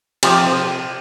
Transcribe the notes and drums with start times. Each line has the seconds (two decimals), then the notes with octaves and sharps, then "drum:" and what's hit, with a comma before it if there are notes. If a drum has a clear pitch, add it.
0.23 C3 F3 G4, drum: cymbal